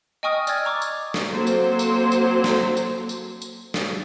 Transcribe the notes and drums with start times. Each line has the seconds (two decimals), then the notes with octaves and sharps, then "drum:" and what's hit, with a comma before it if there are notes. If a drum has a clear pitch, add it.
0.23 D#5 G5 G#5 C#6 D#6 F6
0.47 D5 E6 F6 G#6 A6, drum: tambourine
0.65 A#5 C#6 D6
0.82 drum: tambourine
1.14 drum: snare
1.32 F#3 A#3 C4 A4 C5
1.47 drum: tambourine
1.79 drum: tambourine
2.12 drum: tambourine
2.44 drum: snare
2.77 drum: tambourine
3.09 drum: tambourine
3.42 drum: tambourine
3.74 drum: snare